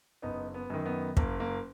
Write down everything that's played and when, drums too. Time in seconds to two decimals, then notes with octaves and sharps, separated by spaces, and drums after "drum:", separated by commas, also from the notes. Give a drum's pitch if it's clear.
0.22 F#1 B3 D#4
0.54 B3
0.70 F#2 D#3
0.86 B3
1.17 F#1 A#3, drum: kick
1.40 A#3